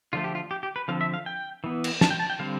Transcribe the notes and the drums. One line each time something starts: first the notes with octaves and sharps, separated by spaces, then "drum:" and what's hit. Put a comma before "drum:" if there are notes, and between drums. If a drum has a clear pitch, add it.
D3 F3 A3 F4
G4
F4
G4
G4
B4
D3 F3 C4 F5
E5
F5
G5
E3 B3
drum: cymbal
A5, drum: snare
G5
A5
G5
D3 G3 C4 F5